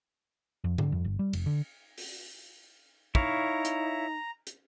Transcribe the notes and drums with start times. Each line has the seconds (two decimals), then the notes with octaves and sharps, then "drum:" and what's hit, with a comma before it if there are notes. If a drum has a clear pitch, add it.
0.64 F2
0.78 D3, drum: tom G#2
0.92 F2
1.05 G1
1.19 G3
1.33 F1, drum: cymbal
1.46 D3
1.98 drum: open hi-hat
3.15 D#4 E4 C#5 F5 A#5, drum: kick
3.65 drum: hi-hat
4.47 drum: hi-hat